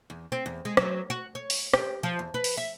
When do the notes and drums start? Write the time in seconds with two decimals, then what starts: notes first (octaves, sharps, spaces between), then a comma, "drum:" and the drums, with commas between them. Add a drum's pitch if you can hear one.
0.10 E2
0.32 C4
0.46 E2
0.65 G#3
0.77 F#3, drum: rim click
1.10 F#4
1.35 C#5
1.50 drum: open hi-hat
1.74 G4, drum: rim click
2.03 F3
2.19 E2
2.34 B4
2.44 drum: open hi-hat
2.57 E5